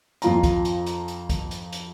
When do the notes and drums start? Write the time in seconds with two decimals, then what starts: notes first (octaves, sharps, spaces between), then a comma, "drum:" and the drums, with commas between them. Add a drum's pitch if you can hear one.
0.22 F2 F4 A#5, drum: hi-hat
0.43 drum: kick, hi-hat
0.65 drum: hi-hat
0.86 drum: hi-hat
1.08 drum: hi-hat
1.29 drum: kick, hi-hat
1.51 drum: hi-hat
1.73 drum: hi-hat